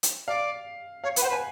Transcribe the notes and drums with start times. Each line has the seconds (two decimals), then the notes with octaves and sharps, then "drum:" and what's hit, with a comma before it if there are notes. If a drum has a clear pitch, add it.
0.03 drum: hi-hat
0.27 D5 F5
1.04 C#5 F5
1.16 B4, drum: hi-hat
1.22 C5 F#5
1.29 B4
1.33 G#5